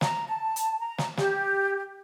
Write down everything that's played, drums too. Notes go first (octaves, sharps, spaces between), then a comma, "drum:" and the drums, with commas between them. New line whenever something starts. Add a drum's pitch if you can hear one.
A#5, drum: snare
A5
drum: hi-hat
A#5
drum: snare
G4, drum: snare